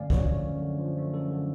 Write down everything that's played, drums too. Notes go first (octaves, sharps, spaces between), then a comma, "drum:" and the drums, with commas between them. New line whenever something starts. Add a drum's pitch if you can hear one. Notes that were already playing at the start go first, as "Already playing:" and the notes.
Already playing: F#2 D3 A3 D5 F5 G#5
F3 C#5, drum: kick
A3
F#2
D3
F3
A3
F#2 A4
D3